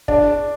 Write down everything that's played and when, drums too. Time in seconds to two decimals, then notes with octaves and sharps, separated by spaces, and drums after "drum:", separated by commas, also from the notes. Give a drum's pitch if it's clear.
0.08 D4, drum: kick